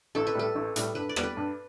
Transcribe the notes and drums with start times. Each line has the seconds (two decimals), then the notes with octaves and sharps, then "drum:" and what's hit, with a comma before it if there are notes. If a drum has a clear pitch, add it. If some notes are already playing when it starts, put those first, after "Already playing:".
0.15 A1 A4
0.27 B4
0.35 A2 G3 A4
0.55 A1
0.76 A2 G3, drum: hi-hat
0.95 G2 B4
1.09 D5
1.16 G3 B3, drum: rim click
1.23 B4
1.37 G2